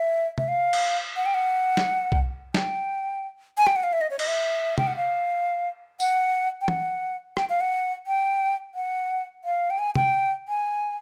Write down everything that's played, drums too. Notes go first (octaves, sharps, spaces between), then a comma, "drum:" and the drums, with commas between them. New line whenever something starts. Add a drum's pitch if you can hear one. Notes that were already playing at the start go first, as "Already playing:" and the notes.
Already playing: E5
E5, drum: tom C3
F5
drum: cymbal
F#5
G5
F#5
drum: snare
drum: kick B1
G5, drum: snare
G#5
G5, drum: rim click
F#5
F5
E5
D#5
C#5
D#5, drum: cymbal
E5
G5, drum: tom
F#5
F5
F#5, drum: tambourine
G5
F#5, drum: tom
G5, drum: rim click
F5
F#5
G5
F#5
F5
G5
G#5
G5, drum: tom
G#5